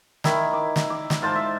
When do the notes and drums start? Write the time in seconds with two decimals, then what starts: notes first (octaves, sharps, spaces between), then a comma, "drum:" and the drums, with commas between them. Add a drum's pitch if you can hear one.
0.24 D#3 E4, drum: snare
0.53 D6
0.76 drum: snare
0.90 D6
1.10 drum: snare
1.22 G#2 F4 C5 A5
1.36 E5